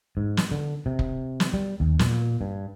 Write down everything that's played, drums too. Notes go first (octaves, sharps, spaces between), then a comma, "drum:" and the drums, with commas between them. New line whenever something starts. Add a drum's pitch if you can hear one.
G#2
drum: snare
D3
C3
drum: kick
drum: snare
G3
D#2
A#2, drum: snare
G2